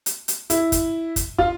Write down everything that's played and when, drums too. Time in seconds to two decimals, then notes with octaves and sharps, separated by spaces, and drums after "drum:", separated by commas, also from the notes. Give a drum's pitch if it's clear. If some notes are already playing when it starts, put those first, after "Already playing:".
0.06 drum: hi-hat
0.28 drum: hi-hat
0.50 E4, drum: hi-hat
0.72 drum: kick, hi-hat
1.16 drum: kick, hi-hat
1.38 F4, drum: kick